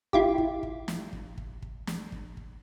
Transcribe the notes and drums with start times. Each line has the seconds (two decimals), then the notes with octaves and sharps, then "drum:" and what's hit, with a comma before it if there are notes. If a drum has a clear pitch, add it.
0.13 E4 F4 G4, drum: kick
0.38 drum: kick
0.63 drum: kick
0.88 drum: snare
1.13 drum: kick
1.38 drum: kick
1.62 drum: kick
1.87 drum: snare
2.12 drum: kick
2.37 drum: kick